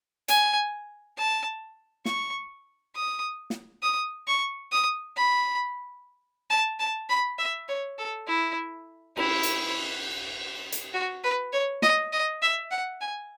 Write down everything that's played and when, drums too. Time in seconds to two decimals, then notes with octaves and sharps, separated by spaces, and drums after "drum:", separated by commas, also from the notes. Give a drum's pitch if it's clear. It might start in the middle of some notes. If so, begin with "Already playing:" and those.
0.28 G#5, drum: hi-hat
1.17 A5
2.05 C#6, drum: snare
2.95 D#6
3.50 drum: snare
3.83 D#6
4.27 C#6
4.72 D#6
5.17 B5
6.50 A5
6.79 A5
7.09 B5
7.39 E5
7.68 C#5
7.98 A4
8.27 E4
9.17 E4, drum: cymbal
9.43 drum: hi-hat
10.72 drum: hi-hat
10.93 F#4
11.24 B4
11.53 C#5
11.82 D#5, drum: snare
12.13 D#5
12.42 E5
12.71 F#5
13.01 G#5